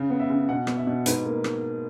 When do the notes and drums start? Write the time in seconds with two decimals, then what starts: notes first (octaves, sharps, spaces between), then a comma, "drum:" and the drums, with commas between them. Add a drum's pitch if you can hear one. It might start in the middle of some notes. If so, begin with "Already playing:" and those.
Already playing: C#3
0.10 B3
0.20 E5
0.30 C#3
0.48 B2 F#5
0.67 B3, drum: rim click
0.77 E5
0.87 B2
1.06 G#2 B4, drum: hi-hat
1.25 A#3
1.44 drum: rim click